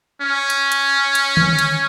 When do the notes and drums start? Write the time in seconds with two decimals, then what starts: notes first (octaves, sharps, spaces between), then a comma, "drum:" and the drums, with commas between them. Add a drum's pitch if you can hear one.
0.21 C#4
0.50 drum: hi-hat
0.72 drum: hi-hat
1.15 drum: hi-hat
1.37 drum: tom D3
1.59 drum: hi-hat